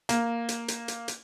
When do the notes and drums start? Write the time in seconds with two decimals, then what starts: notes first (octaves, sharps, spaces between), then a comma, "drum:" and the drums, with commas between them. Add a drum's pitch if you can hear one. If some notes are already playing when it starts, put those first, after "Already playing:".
0.09 A#3, drum: hi-hat
0.49 drum: hi-hat
0.68 drum: hi-hat
0.88 drum: hi-hat
1.08 drum: hi-hat